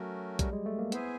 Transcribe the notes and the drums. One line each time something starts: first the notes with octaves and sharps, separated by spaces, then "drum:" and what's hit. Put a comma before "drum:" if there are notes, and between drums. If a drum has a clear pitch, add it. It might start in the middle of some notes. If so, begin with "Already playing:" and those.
Already playing: F#3 A3 C#4 F#4 A#4
G3, drum: kick A#1, hi-hat
G#3
A3
A#3
B3 E4 G#4 C5 E5 G#5, drum: hi-hat